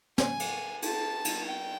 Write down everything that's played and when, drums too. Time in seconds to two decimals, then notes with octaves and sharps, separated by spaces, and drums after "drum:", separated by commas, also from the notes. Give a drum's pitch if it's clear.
0.18 G#5, drum: snare
0.40 drum: cymbal
0.82 A5, drum: cymbal
1.25 drum: cymbal
1.46 G5